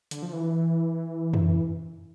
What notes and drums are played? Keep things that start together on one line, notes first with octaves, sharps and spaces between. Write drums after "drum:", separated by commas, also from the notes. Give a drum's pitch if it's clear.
D3, drum: hi-hat
F3
E3
drum: tom